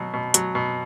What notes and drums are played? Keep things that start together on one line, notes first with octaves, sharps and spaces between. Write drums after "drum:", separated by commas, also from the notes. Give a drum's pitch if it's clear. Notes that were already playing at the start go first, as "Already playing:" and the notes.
Already playing: B2 F#3
B2
F#3, drum: hi-hat
B2